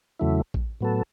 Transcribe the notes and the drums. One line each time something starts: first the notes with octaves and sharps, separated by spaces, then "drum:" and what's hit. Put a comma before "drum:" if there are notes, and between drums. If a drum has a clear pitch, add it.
E2 C#3 F#3 A3 E4
drum: kick
A2 F#3 B3 A4